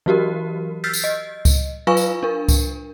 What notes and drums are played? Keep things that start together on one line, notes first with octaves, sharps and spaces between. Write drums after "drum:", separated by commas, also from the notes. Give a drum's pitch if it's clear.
E3 F#3 F#4 G4 A#4
E6 F6 G6 A6 B6 C7
drum: tambourine
D#5
drum: kick C#2, tambourine
F#3 F4 B4 F5 G#5 C#6
drum: tambourine
D4 A#4
drum: kick C#2, tambourine